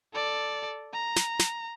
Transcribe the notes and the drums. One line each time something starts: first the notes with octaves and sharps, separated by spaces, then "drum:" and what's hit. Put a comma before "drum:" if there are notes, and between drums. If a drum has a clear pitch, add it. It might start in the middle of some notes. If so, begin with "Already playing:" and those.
A4 D5
A#5
drum: snare
drum: snare